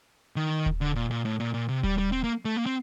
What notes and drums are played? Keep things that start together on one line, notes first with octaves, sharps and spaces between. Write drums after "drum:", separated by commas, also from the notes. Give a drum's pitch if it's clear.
D#3
drum: kick D#1
D3
A#2
A#2
A2
A#2
A#2
C3
G3, drum: kick D#1
G3
C4
A#3
A3
A#3
C4